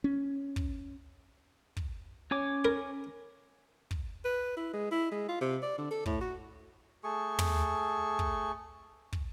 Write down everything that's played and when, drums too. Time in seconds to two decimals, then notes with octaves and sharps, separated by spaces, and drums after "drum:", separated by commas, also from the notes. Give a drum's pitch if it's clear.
0.04 C#4
0.56 drum: kick
1.77 drum: kick
2.31 C#4 C#5 G#5 D6
2.65 A#4
3.91 drum: kick
4.25 B4
4.57 E4
4.73 G#3
4.91 E4
5.12 G#3
5.29 F4
5.41 C3
5.62 D5
5.78 D3
5.91 A4
6.06 A2, drum: kick
6.21 F#4
7.04 A3 G#4 C#6
7.39 drum: tom
8.19 drum: kick
9.13 drum: kick